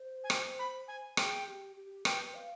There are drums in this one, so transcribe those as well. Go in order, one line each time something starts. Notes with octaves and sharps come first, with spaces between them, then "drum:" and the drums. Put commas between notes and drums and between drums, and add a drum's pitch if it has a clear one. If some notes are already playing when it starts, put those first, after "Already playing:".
Already playing: C5
G#5
G5, drum: rim click
B5
G#5
G#4 G5, drum: rim click
G4
G4
B4 G5, drum: rim click
F5